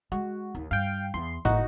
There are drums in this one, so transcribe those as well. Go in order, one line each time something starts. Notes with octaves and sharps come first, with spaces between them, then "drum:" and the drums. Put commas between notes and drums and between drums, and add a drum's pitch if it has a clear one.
G#3 F#4
D#2
G2 F5 G5
E2 C6
A2 A#3 D#4 F#4, drum: kick